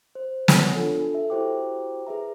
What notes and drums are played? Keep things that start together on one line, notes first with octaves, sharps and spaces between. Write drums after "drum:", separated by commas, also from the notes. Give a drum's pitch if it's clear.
C5
C#5 F#5 G#5 A5, drum: snare
D4 F4 A4
A4 E5
E4 F#4 G4 C5 G5 D6
G#4 B4 E5 A#5